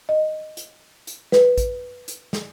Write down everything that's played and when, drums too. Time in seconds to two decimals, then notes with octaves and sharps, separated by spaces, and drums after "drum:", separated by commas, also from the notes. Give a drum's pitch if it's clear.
0.09 D#5
0.57 drum: hi-hat
1.07 drum: hi-hat
1.32 B4, drum: snare
1.58 drum: kick A1, hi-hat
2.08 drum: hi-hat
2.33 drum: snare